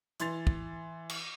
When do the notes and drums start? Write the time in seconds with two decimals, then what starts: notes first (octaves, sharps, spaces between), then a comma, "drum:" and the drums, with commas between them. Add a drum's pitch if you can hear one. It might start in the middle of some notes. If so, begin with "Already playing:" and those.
0.20 E3 C6 A6 F7, drum: hi-hat
0.47 drum: kick
1.09 drum: cymbal